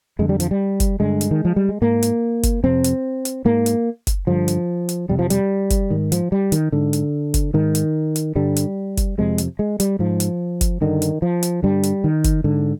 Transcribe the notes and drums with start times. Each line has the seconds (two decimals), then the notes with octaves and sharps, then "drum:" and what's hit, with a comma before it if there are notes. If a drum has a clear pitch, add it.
0.19 F2 D3 G#3
0.29 G3
0.40 F3, drum: hi-hat
0.51 G3
0.80 drum: kick F#1, hi-hat
1.00 G2 D3 G#3
1.21 drum: hi-hat
1.31 D#3
1.45 F3
1.56 G3
1.69 G#3
1.81 G#2 A#3
2.03 drum: hi-hat
2.43 drum: kick F#1, hi-hat
2.63 F2 C3 C4
2.84 drum: hi-hat
3.25 drum: hi-hat
3.45 G#2 A#3
3.66 drum: hi-hat
4.07 drum: kick F#1, hi-hat
4.27 G2 D3 F3
4.48 drum: hi-hat
4.89 drum: hi-hat
5.09 F2 C3 G3
5.19 F3
5.30 G3, drum: hi-hat
5.70 drum: kick F#1, hi-hat
5.90 G#2 D#3
6.12 F3, drum: hi-hat
6.32 G3
6.52 D#3, drum: hi-hat
6.72 G#2 D3
6.93 drum: hi-hat
7.34 drum: kick F#1, hi-hat
7.54 G#2 D#3
7.75 drum: hi-hat
8.16 drum: hi-hat
8.35 G2 D3 G3
8.56 drum: hi-hat
8.97 drum: kick F#1, hi-hat
9.18 F2 C3 G#3
9.38 drum: hi-hat
9.59 G#3
9.80 G3, drum: hi-hat
9.99 G#2 F3
10.20 drum: hi-hat
10.61 drum: kick F#1, hi-hat
10.81 G2 D3 D#3
11.02 drum: hi-hat
11.22 F3
11.43 drum: hi-hat
11.62 G2 D3 G3
11.83 drum: hi-hat
12.04 D#3
12.24 drum: kick F#1, hi-hat
12.44 G#2 D3